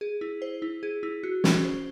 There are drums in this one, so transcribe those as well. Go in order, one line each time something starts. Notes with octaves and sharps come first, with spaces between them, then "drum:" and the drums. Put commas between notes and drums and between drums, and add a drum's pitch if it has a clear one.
G#4
E4
C5
E4
G#4
E4
F#4
C#4, drum: snare
C5